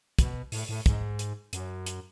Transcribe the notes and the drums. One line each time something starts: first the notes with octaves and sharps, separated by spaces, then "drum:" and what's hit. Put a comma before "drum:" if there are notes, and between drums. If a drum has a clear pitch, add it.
B2, drum: kick, hi-hat
A2, drum: open hi-hat
A2
G#2, drum: kick, hi-hat
drum: hi-hat
F#2, drum: hi-hat
drum: hi-hat